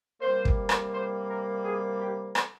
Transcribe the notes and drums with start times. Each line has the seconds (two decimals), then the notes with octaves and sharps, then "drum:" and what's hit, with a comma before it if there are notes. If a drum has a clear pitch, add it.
0.21 C3 G3 A#3 C5
0.45 drum: kick
0.69 drum: rim click
0.93 C5
1.29 A#4
1.64 G#4
1.99 G4
2.35 drum: rim click